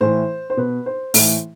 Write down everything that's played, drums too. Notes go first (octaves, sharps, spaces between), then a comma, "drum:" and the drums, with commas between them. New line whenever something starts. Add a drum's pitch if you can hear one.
A2 E3 C5
C5
B2 B4
C5
A2 E3, drum: open hi-hat